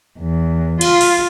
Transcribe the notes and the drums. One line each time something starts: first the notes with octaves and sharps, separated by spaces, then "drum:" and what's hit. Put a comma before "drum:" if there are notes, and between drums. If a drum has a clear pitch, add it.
E2
F4, drum: cymbal
drum: cymbal